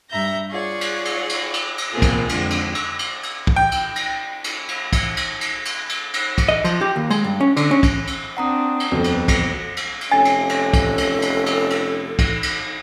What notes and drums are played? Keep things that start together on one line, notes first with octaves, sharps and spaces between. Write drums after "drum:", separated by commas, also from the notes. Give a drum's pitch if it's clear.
G2 E5 A#5 G6 A#6
F4 G#4 C#5 D5 F#5
drum: cymbal
drum: cymbal
drum: cymbal
drum: cymbal
drum: cymbal
B2 A#3 C4 F4 G#4
drum: kick, cymbal
F2 D3 G#3, drum: cymbal
drum: cymbal
drum: cymbal
drum: cymbal
drum: cymbal
drum: kick
G5
drum: cymbal
drum: cymbal
drum: cymbal
drum: cymbal
drum: kick, cymbal
drum: cymbal
drum: cymbal
drum: cymbal
drum: cymbal
drum: cymbal
drum: kick, cymbal
D#5
F3, drum: cymbal
G4
D#2
G#3, drum: cymbal
G2
C#4
D3, drum: cymbal
C#4
drum: kick, cymbal
drum: cymbal
C4 D4 F#5 A#5 D#6
drum: cymbal
D#1 F2 B3 F#4 A4
drum: cymbal
drum: kick, cymbal
drum: cymbal
drum: cymbal
F1 C#4 A4 G#5 A6
drum: cymbal
drum: cymbal
drum: kick, cymbal
drum: cymbal
drum: cymbal
drum: cymbal
drum: cymbal
drum: kick, cymbal
drum: cymbal